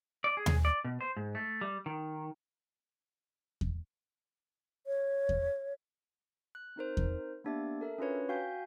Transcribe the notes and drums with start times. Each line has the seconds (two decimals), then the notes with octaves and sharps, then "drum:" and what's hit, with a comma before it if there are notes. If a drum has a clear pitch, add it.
0.24 D5
0.37 G#4
0.46 drum: tom D#2
0.65 D5
0.85 B2
1.01 C5
1.17 G#2
1.35 A3
1.61 G3
1.86 D#3
3.61 drum: kick E2
4.87 C#5
5.29 drum: kick E2
6.55 F#6
6.76 C4 D#4 A#4 C5
6.97 drum: kick E2
7.44 A#3 B3 D4 G4 E5 A6
7.81 A4 A#4 E5
7.98 C#4 D4 F4 F#4 B4 C#5
8.29 F#4 F5 G5 G#5 G6 B6